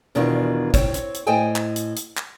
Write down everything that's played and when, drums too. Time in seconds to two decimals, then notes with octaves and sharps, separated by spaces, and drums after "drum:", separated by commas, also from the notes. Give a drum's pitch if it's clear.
0.15 E2 B2 D#3 E3 D4 F4
0.74 C4 C#5, drum: kick, hi-hat
0.94 drum: hi-hat
1.15 drum: hi-hat
1.27 A2 C5 D#5 G5 G#5
1.56 drum: clap
1.76 drum: hi-hat
1.97 drum: hi-hat
2.17 drum: clap